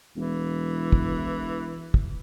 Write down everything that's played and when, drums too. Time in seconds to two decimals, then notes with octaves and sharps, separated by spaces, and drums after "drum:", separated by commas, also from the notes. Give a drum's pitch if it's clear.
0.16 E1 E3
0.92 drum: kick
1.94 drum: kick